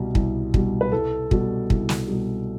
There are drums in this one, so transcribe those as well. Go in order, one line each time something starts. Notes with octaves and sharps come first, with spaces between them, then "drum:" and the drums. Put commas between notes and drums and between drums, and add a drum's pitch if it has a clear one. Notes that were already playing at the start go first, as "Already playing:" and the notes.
Already playing: C2 B2 G3
C2, drum: kick
B2 G3, drum: kick
B4
C2 A4
B2 G3, drum: kick
C2, drum: kick
drum: snare
B2 G3